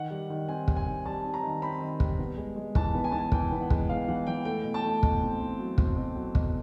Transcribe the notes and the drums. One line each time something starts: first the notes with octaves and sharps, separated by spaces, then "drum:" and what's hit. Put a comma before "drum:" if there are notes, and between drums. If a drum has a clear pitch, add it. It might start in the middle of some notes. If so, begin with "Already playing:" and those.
Already playing: D#3 F#5
G3
D#3
C4 G#5
G3, drum: kick
G#5
C4
G3 A5
C4
A#5
D#3
C4 B5
D#3
G3, drum: kick
B3
G#3
G#3
E3 A5, drum: kick
B3
G#5
B3 A5
G#5
E3 G5, drum: kick
B3
F#5
G#3, drum: kick
B3 F5
E3 F#5
E3 G5
A3 G5
B2
A5
A3
B2, drum: kick
C4
C4
F#3
C4, drum: kick
B2
F#3
B2, drum: kick